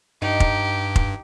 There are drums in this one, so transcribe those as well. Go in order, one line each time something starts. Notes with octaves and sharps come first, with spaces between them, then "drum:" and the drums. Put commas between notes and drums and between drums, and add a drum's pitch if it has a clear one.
G2 D#4 G4
drum: kick F1
drum: kick F1